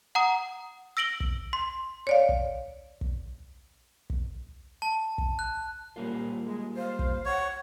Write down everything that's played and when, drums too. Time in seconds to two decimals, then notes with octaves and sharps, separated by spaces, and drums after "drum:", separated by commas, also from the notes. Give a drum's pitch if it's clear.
0.15 F#5 A#5 D#6
0.97 E6 A#6 D7 F#7 G7
1.20 drum: kick
1.53 C6
2.07 C#5 D5 F5
2.29 drum: kick
3.01 drum: kick
4.10 drum: kick
4.82 A5
5.18 drum: kick
5.39 F#6
5.96 C2 F#2 A#2 G3 A#3 F4
6.46 G#3
6.77 C5 F5
6.99 drum: kick
7.25 C#5 F#5